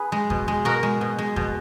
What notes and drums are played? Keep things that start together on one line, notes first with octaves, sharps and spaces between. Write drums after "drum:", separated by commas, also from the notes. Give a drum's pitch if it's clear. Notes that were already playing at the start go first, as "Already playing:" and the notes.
Already playing: G#4 B4
G#3
B2, drum: kick E2
G#3
B2 F#4 A#4
G#3
B2
G#3
B2, drum: kick E2